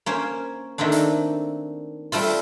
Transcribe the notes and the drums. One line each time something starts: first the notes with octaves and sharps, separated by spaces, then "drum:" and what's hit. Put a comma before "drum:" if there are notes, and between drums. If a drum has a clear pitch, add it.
A#3 C#4 C5
D#3 A3 A#3 C4 D4
drum: hi-hat
G3 A3 C4 F4, drum: open hi-hat